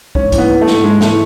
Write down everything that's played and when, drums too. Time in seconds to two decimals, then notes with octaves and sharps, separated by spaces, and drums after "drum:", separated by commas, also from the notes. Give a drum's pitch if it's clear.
0.15 G#2 C#4, drum: kick
0.32 E3, drum: kick, hi-hat
0.38 B3
0.50 E3
0.61 A3
0.67 G#2, drum: snare
0.84 G#2 G#3
1.01 E3 A3, drum: snare